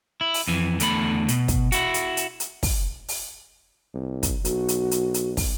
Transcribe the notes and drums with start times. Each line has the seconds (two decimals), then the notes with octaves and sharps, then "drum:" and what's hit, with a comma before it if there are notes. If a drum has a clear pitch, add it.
0.21 E4
0.34 drum: open hi-hat
0.48 F2 E3
0.80 E2 D3 A3 B5, drum: hi-hat
1.28 B2, drum: hi-hat
1.48 drum: kick, hi-hat
1.72 E4 F#4, drum: hi-hat
1.94 drum: hi-hat
2.17 drum: hi-hat
2.40 drum: hi-hat
2.63 drum: kick, open hi-hat
3.08 drum: open hi-hat
3.94 C2
4.23 drum: kick, hi-hat
4.45 B1 F#4, drum: hi-hat
4.68 drum: hi-hat
4.91 drum: hi-hat
5.14 drum: hi-hat
5.37 drum: kick, open hi-hat